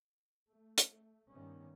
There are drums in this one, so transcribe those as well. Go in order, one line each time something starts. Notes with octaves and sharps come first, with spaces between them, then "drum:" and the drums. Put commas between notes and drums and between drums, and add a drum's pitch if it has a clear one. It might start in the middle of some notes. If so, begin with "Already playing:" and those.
A3
drum: hi-hat
G2 D#3 B3 C#4